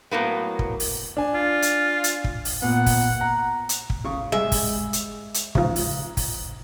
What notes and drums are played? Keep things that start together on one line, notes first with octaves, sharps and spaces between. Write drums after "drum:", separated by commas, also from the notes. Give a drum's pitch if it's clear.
A2 F#3 A#3 B3
drum: kick
drum: open hi-hat
D4 G#5
F4
drum: hi-hat
drum: hi-hat
drum: kick
drum: open hi-hat
A#2 B3 F#5
drum: kick, open hi-hat
A#5
drum: hi-hat
drum: kick
C#3 C#6
G3 G#3 E5
drum: kick, open hi-hat
drum: hi-hat
drum: hi-hat
G#2 C#3 F3, drum: kick
drum: open hi-hat
drum: kick, open hi-hat